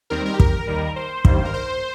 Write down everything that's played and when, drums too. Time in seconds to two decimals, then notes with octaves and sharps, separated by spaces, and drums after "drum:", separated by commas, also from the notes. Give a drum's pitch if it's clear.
0.10 D#2 D#3 G3 C4 A#4
0.26 A#4
0.34 G4
0.40 A#4, drum: kick
0.67 D#2 D#3 G3
0.96 C5
1.25 G2 D#3 G3 A#3, drum: kick
1.45 A#4
1.54 C5